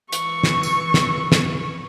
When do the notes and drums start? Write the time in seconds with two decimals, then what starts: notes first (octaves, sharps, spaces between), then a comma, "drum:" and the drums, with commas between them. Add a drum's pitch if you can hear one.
0.12 E3 C#6, drum: hi-hat
0.43 drum: snare
0.63 drum: tambourine
0.94 drum: snare
1.32 drum: snare